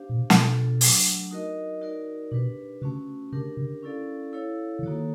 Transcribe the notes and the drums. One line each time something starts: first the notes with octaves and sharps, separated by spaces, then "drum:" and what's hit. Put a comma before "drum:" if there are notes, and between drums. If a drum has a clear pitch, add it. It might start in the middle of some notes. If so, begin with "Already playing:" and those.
Already playing: D4 G4 C5 F5
A#2
B2
B2 D4 F4 A4, drum: snare
F#3 A3 D4, drum: open hi-hat
D#4 F#4 A#4 D#5
D#4 F#4 A#4 D5
B2 D4 G4 B4
C#3 A3 C#4 F#4
C#3 D4 G4 A#4
C#3
C#4 E4 A4 D5 F5
E4 A4 C#5 F5
D3
D#3 A#3 D#4 F#4 A4 C#5